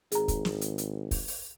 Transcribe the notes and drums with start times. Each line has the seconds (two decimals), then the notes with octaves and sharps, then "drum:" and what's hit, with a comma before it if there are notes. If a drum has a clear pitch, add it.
0.12 G#1 G#4 A#5, drum: hi-hat
0.28 drum: kick, hi-hat
0.45 drum: snare
0.61 drum: hi-hat
0.78 drum: hi-hat
1.11 drum: kick, open hi-hat
1.28 drum: open hi-hat